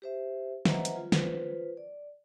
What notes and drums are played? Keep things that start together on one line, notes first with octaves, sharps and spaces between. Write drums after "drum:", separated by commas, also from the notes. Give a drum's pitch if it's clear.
G4 C5 E5
B4 C5 D#5 E5 F#5 A#5, drum: snare
drum: hi-hat
F4
F4 B4 C5, drum: snare
D5